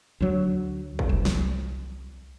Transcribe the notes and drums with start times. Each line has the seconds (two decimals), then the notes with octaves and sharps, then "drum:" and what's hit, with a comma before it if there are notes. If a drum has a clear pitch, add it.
0.20 D2 F#3
0.99 drum: kick
1.09 C2
1.25 drum: snare